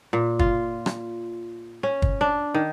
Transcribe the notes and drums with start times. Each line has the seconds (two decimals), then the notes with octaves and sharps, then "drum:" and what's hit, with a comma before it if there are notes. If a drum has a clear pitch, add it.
0.13 A#2
0.39 F4, drum: kick
0.86 drum: rim click
1.83 C#4
2.02 drum: kick
2.21 D4
2.54 D#3